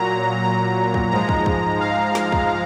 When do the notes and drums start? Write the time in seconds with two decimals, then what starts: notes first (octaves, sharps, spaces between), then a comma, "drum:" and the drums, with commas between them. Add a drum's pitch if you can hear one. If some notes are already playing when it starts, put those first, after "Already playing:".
Already playing: A#2 F#3 A#5
0.43 A#5
0.94 drum: kick
1.11 G#2 F3 G#3 A#5
1.29 drum: kick
1.46 drum: kick
1.80 F5
2.15 drum: snare
2.32 drum: kick